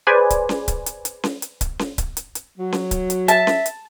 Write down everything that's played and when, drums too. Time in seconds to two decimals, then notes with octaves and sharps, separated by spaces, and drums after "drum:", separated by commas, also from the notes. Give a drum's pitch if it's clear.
0.07 G#4 B4 C5 D5 G#5
0.30 drum: kick C#1, hi-hat
0.49 drum: snare C#4
0.68 drum: kick C#1, hi-hat
0.86 drum: hi-hat
1.05 drum: hi-hat
1.24 drum: snare C#4
1.42 drum: hi-hat
1.61 drum: kick C#1, hi-hat
1.79 drum: snare C#4
1.98 drum: kick C#1, hi-hat
2.17 drum: hi-hat
2.35 drum: hi-hat
2.58 F#3
2.72 drum: snare C#4
2.91 drum: kick C#1, hi-hat
3.10 drum: hi-hat
3.28 E5 A5, drum: hi-hat
3.47 drum: snare C#4
3.66 drum: hi-hat